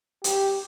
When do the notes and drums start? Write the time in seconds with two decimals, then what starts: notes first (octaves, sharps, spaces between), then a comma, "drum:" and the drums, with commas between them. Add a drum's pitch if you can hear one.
0.24 G4, drum: hi-hat